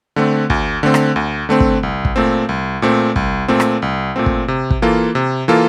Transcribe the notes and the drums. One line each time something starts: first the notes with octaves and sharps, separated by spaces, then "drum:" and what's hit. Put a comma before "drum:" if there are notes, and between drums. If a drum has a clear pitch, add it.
D3 A3 C4
D2, drum: kick
D3 A3 C4
drum: rim click
D2
D3 A3 C4
drum: kick
C2
drum: kick
A#2 A3 C4
C2
A#2 A3 C4
C2, drum: kick
A#2 A3 C4
drum: rim click
C2
A#2 A3 C4
drum: kick
C3
drum: kick
E3 A#3 F4 A4
C3
E3 A#3 F4 A4